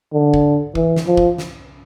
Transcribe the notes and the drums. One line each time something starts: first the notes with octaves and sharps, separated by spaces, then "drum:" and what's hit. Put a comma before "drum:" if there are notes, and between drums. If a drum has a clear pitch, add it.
D3
drum: kick
E3, drum: kick
drum: snare
F3
drum: kick
drum: snare